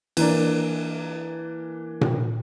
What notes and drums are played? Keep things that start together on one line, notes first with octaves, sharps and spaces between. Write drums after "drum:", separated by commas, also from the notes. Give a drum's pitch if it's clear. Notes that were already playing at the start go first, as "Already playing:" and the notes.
E3 A#3 D4, drum: cymbal
drum: tom A#2